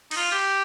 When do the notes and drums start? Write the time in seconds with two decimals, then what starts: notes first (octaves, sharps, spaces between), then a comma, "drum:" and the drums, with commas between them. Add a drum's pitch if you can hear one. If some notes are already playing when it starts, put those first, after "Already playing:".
0.11 D#4, drum: cymbal
0.17 F4
0.32 G4